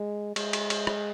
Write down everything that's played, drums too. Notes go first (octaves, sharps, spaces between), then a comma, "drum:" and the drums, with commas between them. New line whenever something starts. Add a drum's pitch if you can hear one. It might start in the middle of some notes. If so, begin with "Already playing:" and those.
Already playing: G#3
G#3, drum: cymbal
drum: cymbal
drum: cymbal
drum: rim click